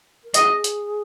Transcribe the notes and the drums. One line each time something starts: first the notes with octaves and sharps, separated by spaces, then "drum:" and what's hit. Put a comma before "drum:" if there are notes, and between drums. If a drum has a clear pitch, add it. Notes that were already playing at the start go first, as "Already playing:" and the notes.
A#4
G#4 D#5, drum: hi-hat
drum: hi-hat